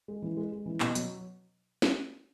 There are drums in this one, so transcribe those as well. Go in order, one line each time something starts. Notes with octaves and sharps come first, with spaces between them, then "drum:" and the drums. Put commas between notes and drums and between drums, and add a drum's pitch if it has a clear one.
G#3
E3
G#3
G#3
E3
B2, drum: clap
F#3, drum: hi-hat
drum: snare